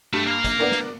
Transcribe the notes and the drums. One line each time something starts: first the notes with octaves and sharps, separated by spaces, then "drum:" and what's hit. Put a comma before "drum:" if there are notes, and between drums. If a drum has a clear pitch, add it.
G2 A3
A#3 F5
A#1, drum: kick, hi-hat
B3 D4 A#4
drum: snare